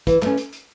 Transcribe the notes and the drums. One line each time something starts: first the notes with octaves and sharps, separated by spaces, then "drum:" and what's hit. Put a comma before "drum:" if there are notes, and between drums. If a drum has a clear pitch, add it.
E3, drum: kick, hi-hat
A3 C#4, drum: clap
drum: hi-hat
drum: hi-hat